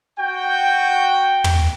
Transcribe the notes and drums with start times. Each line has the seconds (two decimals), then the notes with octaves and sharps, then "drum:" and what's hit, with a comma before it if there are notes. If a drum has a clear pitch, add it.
0.19 F#4 G5
1.44 drum: tom